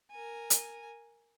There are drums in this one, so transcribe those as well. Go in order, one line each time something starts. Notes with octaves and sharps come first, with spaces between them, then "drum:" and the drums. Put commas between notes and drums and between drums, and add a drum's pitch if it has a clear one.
A#4 G#5
drum: hi-hat